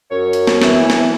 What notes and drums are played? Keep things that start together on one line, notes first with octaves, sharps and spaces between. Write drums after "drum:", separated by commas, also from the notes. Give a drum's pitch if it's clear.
F#2 C#5
drum: hi-hat
drum: snare
E3, drum: snare
drum: snare